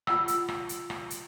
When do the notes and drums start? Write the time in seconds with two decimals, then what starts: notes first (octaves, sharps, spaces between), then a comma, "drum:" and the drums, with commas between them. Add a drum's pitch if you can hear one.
0.07 F4 F#5 E6, drum: rim click
0.28 drum: hi-hat
0.48 drum: rim click
0.69 drum: hi-hat
0.90 drum: rim click
1.10 drum: hi-hat